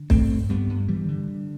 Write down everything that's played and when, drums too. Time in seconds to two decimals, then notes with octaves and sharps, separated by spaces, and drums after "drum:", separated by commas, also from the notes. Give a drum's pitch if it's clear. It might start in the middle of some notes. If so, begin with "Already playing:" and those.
Already playing: D3
0.10 G2 A3 C4, drum: kick
0.30 G2
0.49 G2 G3 B3
0.69 G2
0.88 G2 E3 G3
1.08 D3
1.28 D3